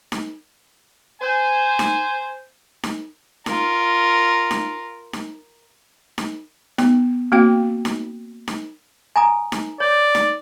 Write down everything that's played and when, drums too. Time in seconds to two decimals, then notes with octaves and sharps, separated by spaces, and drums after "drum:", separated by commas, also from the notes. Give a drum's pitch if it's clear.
0.12 drum: snare D#4
1.21 C5 G#5
1.79 drum: snare D#4
2.83 drum: snare D#4
3.46 F4 A#4, drum: snare D#4
4.51 drum: snare D#4
5.13 drum: snare D#4
6.18 drum: snare D#4
6.78 B3, drum: snare D#4
7.32 A#3 C4 F#4 F5 G5
7.85 drum: snare D#4
8.48 drum: snare D#4
9.16 G#5 A#5 D#6
9.52 drum: snare D#4
9.80 C#5 D5
10.15 drum: snare D#4